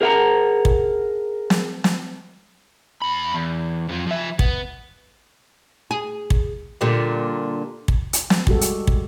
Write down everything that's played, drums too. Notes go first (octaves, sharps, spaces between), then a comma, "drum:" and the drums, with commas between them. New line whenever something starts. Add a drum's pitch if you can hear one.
G#4 A#4 D5 F5 F#5 A#5
drum: kick
drum: snare
drum: snare
E2 B5
E2
F2 F3
F3 E5
B3, drum: kick
G#4
drum: kick
A#2 D3 G3
drum: kick
drum: hi-hat
drum: snare
G3 G#3 F#4 G4 A4, drum: kick
drum: hi-hat
drum: kick